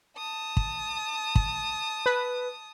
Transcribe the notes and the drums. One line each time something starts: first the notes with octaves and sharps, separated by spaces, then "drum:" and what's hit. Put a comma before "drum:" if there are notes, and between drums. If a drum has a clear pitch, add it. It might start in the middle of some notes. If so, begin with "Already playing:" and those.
A5 D#6
drum: kick
drum: kick
B4